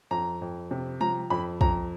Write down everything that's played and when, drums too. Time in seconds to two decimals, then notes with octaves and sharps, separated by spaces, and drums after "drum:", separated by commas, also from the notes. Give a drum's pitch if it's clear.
0.11 F2 A#5
0.41 F2
0.71 C3
1.01 F3 A#5, drum: tom G3
1.30 F2 B5
1.61 F2 A#5, drum: kick